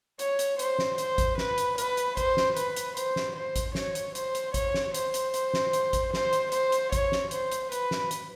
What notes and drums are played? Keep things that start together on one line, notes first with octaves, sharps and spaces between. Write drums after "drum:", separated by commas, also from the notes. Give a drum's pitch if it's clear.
C#5, drum: hi-hat
drum: hi-hat
C5, drum: hi-hat
drum: snare
C5, drum: hi-hat
drum: kick A1, hi-hat
B4, drum: snare
drum: hi-hat
B4, drum: hi-hat
drum: hi-hat
C5, drum: kick A1, hi-hat
drum: snare
B4, drum: hi-hat
drum: hi-hat
C5, drum: hi-hat
drum: snare
C5
drum: kick A1, hi-hat
C#5, drum: snare
drum: hi-hat
C5, drum: hi-hat
drum: hi-hat
C#5, drum: kick A1, hi-hat
drum: snare
C5, drum: hi-hat
drum: hi-hat
drum: hi-hat
drum: snare
drum: hi-hat
drum: kick A1, hi-hat
C5, drum: snare
drum: hi-hat
C5, drum: hi-hat
drum: hi-hat
C#5, drum: kick A1, hi-hat
drum: snare
C5, drum: hi-hat
drum: hi-hat
B4, drum: hi-hat
drum: snare
drum: hi-hat